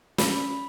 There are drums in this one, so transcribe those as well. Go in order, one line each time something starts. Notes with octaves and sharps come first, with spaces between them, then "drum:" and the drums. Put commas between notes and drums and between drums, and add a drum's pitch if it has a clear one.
C#4 B5, drum: snare